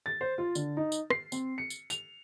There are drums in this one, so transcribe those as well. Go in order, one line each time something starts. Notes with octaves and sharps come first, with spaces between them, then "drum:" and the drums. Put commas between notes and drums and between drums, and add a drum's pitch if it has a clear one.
A6
C5
F4
D3, drum: tambourine
D#4
drum: tambourine
C7, drum: rim click
C4, drum: tambourine
C#7
drum: tambourine
F7, drum: tambourine